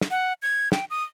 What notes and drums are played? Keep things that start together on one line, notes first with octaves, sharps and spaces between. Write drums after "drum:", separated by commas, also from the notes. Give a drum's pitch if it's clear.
drum: snare
F#5
G#6
G5, drum: snare
D#6